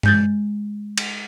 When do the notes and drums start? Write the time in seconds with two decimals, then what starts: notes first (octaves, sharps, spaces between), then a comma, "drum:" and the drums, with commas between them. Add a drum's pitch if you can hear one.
0.03 G#3 G6 A6, drum: tom G2
0.98 drum: cymbal